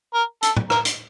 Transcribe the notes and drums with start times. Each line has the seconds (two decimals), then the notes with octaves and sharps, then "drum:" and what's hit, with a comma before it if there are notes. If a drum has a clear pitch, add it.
0.14 A#4
0.42 A4, drum: hi-hat
0.57 drum: tom
0.70 A#4, drum: rim click
0.85 drum: hi-hat